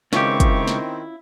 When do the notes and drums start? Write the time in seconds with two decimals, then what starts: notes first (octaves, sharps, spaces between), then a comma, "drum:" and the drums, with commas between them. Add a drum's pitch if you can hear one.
0.13 C#2 D#3 C4 C#4 E4 F4 G4 C#6, drum: snare
0.40 drum: kick, hi-hat
0.68 drum: snare